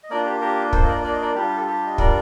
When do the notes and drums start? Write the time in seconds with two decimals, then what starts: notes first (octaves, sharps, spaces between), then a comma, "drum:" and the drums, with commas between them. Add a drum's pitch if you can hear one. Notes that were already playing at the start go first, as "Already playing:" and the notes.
0.03 D#5
0.10 A#3 D4 F4 A#4 D5
0.26 G4
0.41 G4 A#4
0.73 A4 C5, drum: kick
0.84 D#5
0.88 A#4 D5
1.04 D5
1.13 D#5
1.22 A#4 D5
1.35 G3 D4 F4 G4
1.57 A4
1.67 G4
1.87 D#5
1.98 A#4 D5, drum: kick